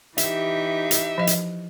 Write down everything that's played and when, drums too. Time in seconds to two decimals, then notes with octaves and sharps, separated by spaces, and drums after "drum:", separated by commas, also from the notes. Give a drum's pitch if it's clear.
0.18 E3 D#4 G4 E5, drum: hi-hat
0.91 drum: hi-hat
1.18 F3 D#5
1.27 drum: hi-hat